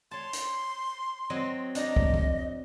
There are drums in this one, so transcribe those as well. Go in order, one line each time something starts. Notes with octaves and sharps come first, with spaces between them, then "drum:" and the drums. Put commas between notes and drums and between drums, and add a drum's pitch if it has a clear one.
C#5 A5 C6
drum: hi-hat
F#3 C4 D#5
D4 D#5 A#5, drum: hi-hat
drum: kick
drum: kick